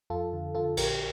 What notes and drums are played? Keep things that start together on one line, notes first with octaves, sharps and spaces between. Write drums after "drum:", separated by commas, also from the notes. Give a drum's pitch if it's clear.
F2 F4 A4
D3
D3 F4 A4
A#1 G4 A#4, drum: cymbal